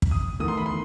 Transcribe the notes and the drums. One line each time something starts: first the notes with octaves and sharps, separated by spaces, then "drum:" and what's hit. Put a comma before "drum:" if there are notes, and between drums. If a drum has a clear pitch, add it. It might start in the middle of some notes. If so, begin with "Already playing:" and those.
drum: kick
D#6
E2 D#3 A3 D#6
C6
B5
C6